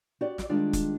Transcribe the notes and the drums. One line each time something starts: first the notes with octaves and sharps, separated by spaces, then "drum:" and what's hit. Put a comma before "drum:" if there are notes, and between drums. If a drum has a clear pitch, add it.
F#4 G4 D5
drum: snare
D#3 G3 G#3 D4 F4
drum: kick, hi-hat